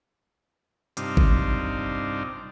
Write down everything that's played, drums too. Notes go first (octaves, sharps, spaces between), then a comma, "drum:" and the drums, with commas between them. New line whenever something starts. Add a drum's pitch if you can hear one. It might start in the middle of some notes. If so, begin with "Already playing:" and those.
G2 C3 C4 D4 D#4 F4, drum: hi-hat
drum: kick G#1